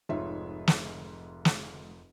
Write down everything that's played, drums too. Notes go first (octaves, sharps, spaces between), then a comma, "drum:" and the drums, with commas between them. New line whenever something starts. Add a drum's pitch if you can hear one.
F1 G#2 F4 C#5 E5
drum: snare
drum: snare